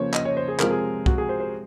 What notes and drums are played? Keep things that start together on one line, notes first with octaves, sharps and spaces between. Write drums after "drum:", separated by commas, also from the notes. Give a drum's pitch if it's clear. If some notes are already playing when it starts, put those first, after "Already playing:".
Already playing: C#3 F3 A#3 C5 C#5
D#5, drum: clap
C#5
C5
G#4
C3 F3 G#3 C4 F4 A#4, drum: clap
G#4
F#4, drum: kick C2
G#4
C5
C5